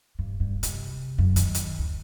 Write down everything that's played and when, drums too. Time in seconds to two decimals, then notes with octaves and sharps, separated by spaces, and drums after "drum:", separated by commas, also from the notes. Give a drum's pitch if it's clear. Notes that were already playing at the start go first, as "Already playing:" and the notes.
0.19 G2
0.40 G2
0.63 C3, drum: hi-hat
1.18 F#2
1.36 D#3, drum: hi-hat
1.54 drum: hi-hat
1.79 D2